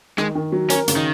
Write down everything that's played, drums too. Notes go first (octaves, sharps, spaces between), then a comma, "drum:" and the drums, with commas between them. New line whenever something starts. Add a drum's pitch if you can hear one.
D#3 G#3, drum: rim click
D#3
F#3
C#4 A#4, drum: hi-hat
C#3, drum: hi-hat
D#3